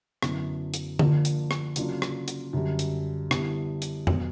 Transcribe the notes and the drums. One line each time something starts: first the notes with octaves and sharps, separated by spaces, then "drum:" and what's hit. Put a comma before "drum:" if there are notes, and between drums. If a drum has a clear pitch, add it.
F#2 D3 F#3 B3 E4, drum: rim click
drum: hi-hat
D3 F3 A#3 D4 F4, drum: tom D3
drum: hi-hat
drum: rim click
C#3 F#3 A#3 D4 F4, drum: hi-hat
drum: rim click
drum: hi-hat
F#2 D3 G3
drum: hi-hat
D3 G3 B3 E4, drum: rim click
drum: hi-hat
B2 F#3 B3, drum: tom F2